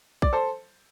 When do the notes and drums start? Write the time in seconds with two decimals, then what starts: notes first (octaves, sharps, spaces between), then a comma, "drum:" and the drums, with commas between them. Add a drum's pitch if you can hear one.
0.22 D5, drum: kick
0.33 A4 C5